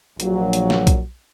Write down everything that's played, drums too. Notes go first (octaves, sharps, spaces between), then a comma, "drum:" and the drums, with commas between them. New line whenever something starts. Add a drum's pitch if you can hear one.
A#1 A#2 F#3, drum: hi-hat
drum: hi-hat
drum: snare
drum: kick, hi-hat